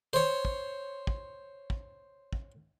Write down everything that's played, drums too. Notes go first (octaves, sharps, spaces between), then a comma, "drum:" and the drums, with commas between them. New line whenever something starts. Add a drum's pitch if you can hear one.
C5 C#5
drum: kick
drum: kick
drum: kick
drum: kick